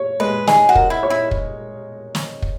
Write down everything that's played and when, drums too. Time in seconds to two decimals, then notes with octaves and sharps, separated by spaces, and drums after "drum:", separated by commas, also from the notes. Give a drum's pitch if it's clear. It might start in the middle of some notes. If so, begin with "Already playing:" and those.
Already playing: C#5
0.20 G#3 B4
0.47 D#4 G#4, drum: snare
0.69 F#4
0.75 A#4, drum: kick
0.90 E4
1.03 C#5
1.10 E4
1.31 drum: kick
2.15 drum: snare
2.42 drum: kick